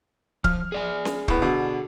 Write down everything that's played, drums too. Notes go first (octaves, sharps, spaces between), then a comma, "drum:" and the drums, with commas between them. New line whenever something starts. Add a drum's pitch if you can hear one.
F3 F6, drum: kick C#1
G#4 D5 G#5
drum: snare C#4
A2 B3, drum: kick C#1
B2 D3